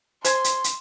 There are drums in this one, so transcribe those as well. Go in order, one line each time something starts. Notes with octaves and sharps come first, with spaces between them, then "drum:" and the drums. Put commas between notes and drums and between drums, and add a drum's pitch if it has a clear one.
C5 G#5 C6, drum: hi-hat
drum: hi-hat
drum: hi-hat